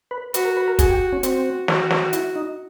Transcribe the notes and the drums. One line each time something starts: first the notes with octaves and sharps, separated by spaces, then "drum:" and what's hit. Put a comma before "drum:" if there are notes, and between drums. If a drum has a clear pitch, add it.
B4
F#4 B4, drum: hi-hat
A#4
B4
A#4
F#4 G#4, drum: kick, hi-hat
G4
C#4
C4 F#4, drum: hi-hat
F#4, drum: snare
drum: snare
E4, drum: hi-hat
D#4